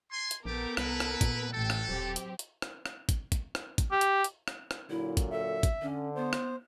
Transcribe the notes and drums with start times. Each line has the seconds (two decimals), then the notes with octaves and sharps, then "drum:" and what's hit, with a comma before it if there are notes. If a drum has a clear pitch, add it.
0.12 G#5 C6
0.31 drum: hi-hat
0.45 A#1 A3 B3 G4 A4 A#4 D6
0.77 C2 E4 B4, drum: rim click
1.00 drum: rim click
1.21 A#2, drum: kick, hi-hat
1.53 A1 A3 A4 G5
1.70 drum: rim click
1.89 D#1 F#3 C4 G4
2.16 drum: hi-hat
2.39 drum: hi-hat
2.62 drum: rim click
2.86 drum: rim click
3.09 drum: kick, hi-hat
3.32 drum: kick, hi-hat
3.55 drum: rim click
3.78 drum: kick, hi-hat
3.92 G4
4.01 drum: hi-hat
4.24 drum: hi-hat
4.48 drum: rim click
4.71 drum: rim click
4.90 A#2 D3 F#3 E4
5.17 drum: kick, hi-hat
5.32 A4 E5
5.63 drum: kick, hi-hat
5.82 D3 C#4
6.16 B3 C5
6.33 drum: rim click